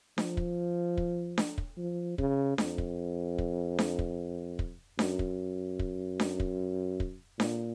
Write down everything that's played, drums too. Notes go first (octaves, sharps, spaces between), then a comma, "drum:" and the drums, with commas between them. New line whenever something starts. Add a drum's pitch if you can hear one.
F3, drum: snare D4
drum: kick
drum: kick
drum: snare D4
drum: kick
F3
C#3, drum: kick
F2, drum: snare D4
drum: kick
drum: kick
drum: snare D4
drum: kick
drum: kick
F#2, drum: snare D4
drum: kick
drum: kick
drum: snare D4
drum: kick
drum: kick
A#2, drum: snare D4